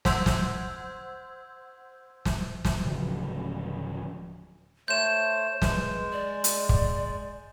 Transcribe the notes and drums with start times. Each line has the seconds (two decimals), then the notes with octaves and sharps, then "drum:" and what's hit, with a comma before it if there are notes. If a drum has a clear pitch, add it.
0.05 C5 F#5 C6 E6 G6 G#6, drum: snare
0.26 drum: snare
2.25 drum: snare
2.65 drum: snare
2.84 D1 C#3 F3 F#3
4.88 A3 C5 C#5 G6 E7
5.62 G#3 B4, drum: snare
6.12 D5
6.44 drum: hi-hat
6.69 drum: kick